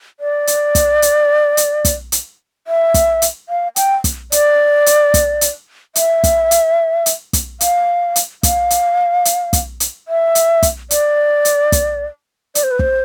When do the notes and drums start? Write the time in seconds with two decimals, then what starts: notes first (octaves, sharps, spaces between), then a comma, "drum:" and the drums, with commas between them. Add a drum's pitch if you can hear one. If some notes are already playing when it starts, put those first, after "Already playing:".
0.20 D5
0.47 drum: hi-hat
0.75 drum: kick, hi-hat
1.02 drum: hi-hat
1.57 drum: hi-hat
1.85 drum: kick, hi-hat
2.12 drum: hi-hat
2.67 E5
2.94 drum: kick, hi-hat
3.22 drum: hi-hat
3.49 F5
3.76 G5, drum: hi-hat
4.04 drum: kick, hi-hat
4.32 D5, drum: hi-hat
4.86 drum: hi-hat
5.14 drum: kick, hi-hat
5.41 drum: hi-hat
5.96 E5, drum: hi-hat
6.24 drum: kick, hi-hat
6.51 drum: hi-hat
7.06 drum: hi-hat
7.33 drum: kick, hi-hat
7.61 F5, drum: hi-hat
8.16 drum: hi-hat
8.43 F5, drum: kick, hi-hat
8.70 drum: hi-hat
9.25 drum: hi-hat
9.53 drum: kick, hi-hat
9.80 drum: hi-hat
10.08 E5
10.35 drum: hi-hat
10.63 drum: kick, hi-hat
10.91 D5, drum: hi-hat
11.45 drum: hi-hat
11.72 drum: kick, hi-hat
12.55 D5, drum: hi-hat
12.64 C5
12.71 B4
12.79 C5, drum: kick